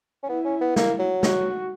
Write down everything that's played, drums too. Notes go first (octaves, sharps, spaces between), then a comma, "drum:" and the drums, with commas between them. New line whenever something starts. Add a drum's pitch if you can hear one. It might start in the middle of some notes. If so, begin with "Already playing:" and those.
C#4
B3 E4
C#4
B3
A#3, drum: snare
F#3
F#4, drum: snare